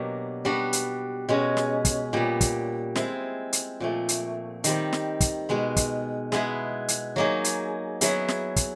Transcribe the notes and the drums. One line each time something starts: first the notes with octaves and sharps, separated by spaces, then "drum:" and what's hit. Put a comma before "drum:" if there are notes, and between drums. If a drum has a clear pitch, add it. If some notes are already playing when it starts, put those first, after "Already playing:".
Already playing: B2 F#3 A#3 D4 G4
G3 B3 D4 F#4
drum: hi-hat
B2 G#3 C#4
drum: snare
drum: kick, hi-hat
A#2 G3 B3
drum: kick, hi-hat
G#3 C4 E4 G#4, drum: snare
drum: hi-hat
A#2 F3 A3
drum: hi-hat
D#3 G3 C4, drum: hi-hat
drum: snare
drum: kick, hi-hat
B2 G#3 B3
drum: kick, hi-hat
G#3 B3 E4 G#4, drum: snare
drum: hi-hat
F#3 A#3 D#4 G#4
drum: hi-hat
F#3 B3 E4 G#4, drum: hi-hat
drum: snare
drum: kick, hi-hat